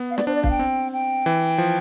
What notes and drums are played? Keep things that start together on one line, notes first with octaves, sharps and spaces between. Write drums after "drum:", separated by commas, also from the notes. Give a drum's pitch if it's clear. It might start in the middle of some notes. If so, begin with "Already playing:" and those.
Already playing: B3
F5
D5, drum: snare
D4 C5
D5
F5, drum: kick
G5
C4
G5
E3
F3